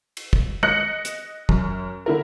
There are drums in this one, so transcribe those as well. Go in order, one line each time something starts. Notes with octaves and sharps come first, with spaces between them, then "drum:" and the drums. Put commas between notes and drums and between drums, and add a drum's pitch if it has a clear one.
drum: cymbal
drum: kick
D#5 F#6 C#7 F#7, drum: tom
drum: hi-hat
F#2, drum: kick
D3 E4 A#4